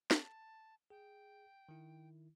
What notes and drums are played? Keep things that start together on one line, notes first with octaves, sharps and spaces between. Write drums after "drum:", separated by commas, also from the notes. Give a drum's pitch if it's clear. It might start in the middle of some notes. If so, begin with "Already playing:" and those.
A5, drum: snare
G#4 G5
D#3 E4